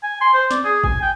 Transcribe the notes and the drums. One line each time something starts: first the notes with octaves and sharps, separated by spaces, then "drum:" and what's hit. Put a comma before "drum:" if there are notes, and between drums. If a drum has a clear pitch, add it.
G#5
C6
C5
D5, drum: snare
G#4
G#5, drum: kick
G5